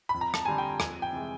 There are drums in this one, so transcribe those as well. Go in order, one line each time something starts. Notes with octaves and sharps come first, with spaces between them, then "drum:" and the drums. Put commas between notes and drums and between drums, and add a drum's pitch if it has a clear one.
B5
F2
A#5
A5, drum: rim click
D3 G3 C4 G#5
G5
F2 G#5, drum: rim click
G5
C3 E3 G#3